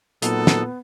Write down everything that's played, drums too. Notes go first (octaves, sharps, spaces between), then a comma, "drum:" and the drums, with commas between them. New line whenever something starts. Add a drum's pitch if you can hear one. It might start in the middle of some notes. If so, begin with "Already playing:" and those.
A#2 F#3 B3 D#4 A4, drum: hi-hat
drum: snare